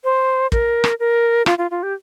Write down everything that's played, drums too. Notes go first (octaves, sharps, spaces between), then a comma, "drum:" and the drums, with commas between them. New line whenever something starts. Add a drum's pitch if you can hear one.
C5
A#4, drum: kick
drum: rim click
A#4
F4, drum: rim click
F4
F4
G4